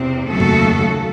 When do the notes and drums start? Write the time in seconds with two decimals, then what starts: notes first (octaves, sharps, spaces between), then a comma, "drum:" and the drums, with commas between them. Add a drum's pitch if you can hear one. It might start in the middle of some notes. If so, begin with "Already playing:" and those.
Already playing: E2 C3 C4
0.28 D#2 C#3 F#3 A3 F#4 A4
0.40 drum: tom F2